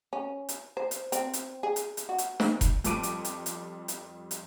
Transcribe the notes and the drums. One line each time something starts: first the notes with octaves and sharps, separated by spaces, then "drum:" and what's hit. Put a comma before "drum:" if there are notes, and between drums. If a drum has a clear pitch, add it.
C#4
drum: hi-hat
C5
drum: hi-hat
C4, drum: hi-hat
drum: hi-hat
G#4
drum: hi-hat
drum: hi-hat
F#4
drum: hi-hat
drum: snare
drum: kick F1, hi-hat
F2 G3 A4 D6 D7 D#7, drum: hi-hat
drum: hi-hat
drum: hi-hat
drum: hi-hat
drum: hi-hat
drum: hi-hat